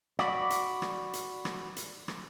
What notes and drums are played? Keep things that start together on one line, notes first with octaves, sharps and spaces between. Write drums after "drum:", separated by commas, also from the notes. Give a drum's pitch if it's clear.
F#4 D5 B5, drum: rim click
drum: hi-hat
drum: rim click
drum: hi-hat
drum: rim click
drum: hi-hat
drum: rim click